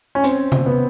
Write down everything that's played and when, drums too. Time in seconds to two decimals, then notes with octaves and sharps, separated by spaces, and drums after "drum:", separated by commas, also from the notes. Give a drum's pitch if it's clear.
0.15 C#4
0.24 C4, drum: hi-hat
0.52 drum: tom C3
0.66 B3